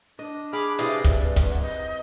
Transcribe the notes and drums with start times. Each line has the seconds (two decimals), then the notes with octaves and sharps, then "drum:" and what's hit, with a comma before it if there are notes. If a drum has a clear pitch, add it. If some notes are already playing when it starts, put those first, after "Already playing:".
0.19 D4 D#5
0.53 G#4 B5 D6 F6
0.79 C3 E3 D5 D#5 F5, drum: hi-hat
1.04 G2 D5, drum: kick, hi-hat
1.36 drum: kick, hi-hat
1.50 F#5
1.61 D#5